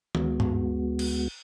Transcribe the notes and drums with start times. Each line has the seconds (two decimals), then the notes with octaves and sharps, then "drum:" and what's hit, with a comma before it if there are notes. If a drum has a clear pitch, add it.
0.15 D2 G#3 B3 F#4, drum: tom D#3
0.40 drum: tom G2
0.99 drum: cymbal